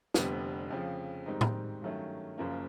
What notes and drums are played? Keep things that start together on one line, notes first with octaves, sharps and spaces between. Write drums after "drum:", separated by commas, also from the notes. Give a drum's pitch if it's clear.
F1 F2 D3 G3 B3, drum: snare
F2 C#3 F3
G#2 D#3 G3 C4 D#4
drum: tom A2
G2 D#3 F#3 A3 C#4
F#1 F#2 C#3 F3 A#3